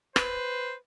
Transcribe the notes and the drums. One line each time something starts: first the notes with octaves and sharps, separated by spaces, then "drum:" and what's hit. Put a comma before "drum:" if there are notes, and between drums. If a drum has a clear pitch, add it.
B4 C5, drum: rim click